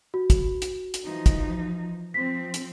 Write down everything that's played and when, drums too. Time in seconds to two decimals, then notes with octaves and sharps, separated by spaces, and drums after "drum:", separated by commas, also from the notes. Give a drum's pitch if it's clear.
0.14 F#4
0.30 drum: kick, hi-hat
0.62 drum: hi-hat
0.94 drum: hi-hat
1.04 E3 F3 D#4
1.26 drum: kick, hi-hat
2.14 F3 C4 B6
2.54 drum: hi-hat